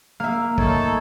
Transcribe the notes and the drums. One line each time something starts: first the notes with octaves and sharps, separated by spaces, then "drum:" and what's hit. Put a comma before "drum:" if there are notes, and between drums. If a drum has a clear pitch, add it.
A#3 E5 F5
A3 D#4 A4 C#5, drum: kick